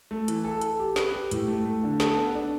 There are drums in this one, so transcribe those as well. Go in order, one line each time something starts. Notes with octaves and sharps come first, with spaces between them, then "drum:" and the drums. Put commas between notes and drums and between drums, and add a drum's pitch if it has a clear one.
A3
E3, drum: hi-hat
A4
A4, drum: hi-hat
G4
B4, drum: snare
G4
A2, drum: hi-hat
A3
A3
D3
A4, drum: snare
B3
D4